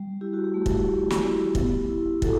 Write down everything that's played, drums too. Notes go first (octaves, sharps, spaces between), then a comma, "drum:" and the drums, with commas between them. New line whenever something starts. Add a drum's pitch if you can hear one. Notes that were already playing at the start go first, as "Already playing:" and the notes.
Already playing: G3
E4 G4
F#4
G4
A3
drum: kick
A3
drum: snare
E4
B3, drum: kick
E4
E4 F#4 A4, drum: kick